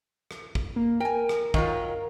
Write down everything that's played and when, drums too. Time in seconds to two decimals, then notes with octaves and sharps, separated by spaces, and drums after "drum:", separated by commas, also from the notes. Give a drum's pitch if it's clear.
0.31 drum: rim click
0.55 drum: kick
0.76 A#3
1.00 A#4 G5 G#5
1.29 drum: rim click
1.54 D#3 F#3 F4, drum: kick